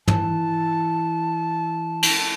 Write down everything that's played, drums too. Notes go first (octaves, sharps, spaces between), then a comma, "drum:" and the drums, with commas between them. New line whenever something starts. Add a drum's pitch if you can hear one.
E3 A5, drum: tom
drum: cymbal